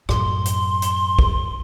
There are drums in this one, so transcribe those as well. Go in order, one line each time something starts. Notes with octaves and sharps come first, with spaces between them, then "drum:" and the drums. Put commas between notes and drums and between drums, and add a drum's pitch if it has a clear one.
F#2 A2 C6, drum: rim click
drum: hi-hat
drum: hi-hat
drum: kick A#1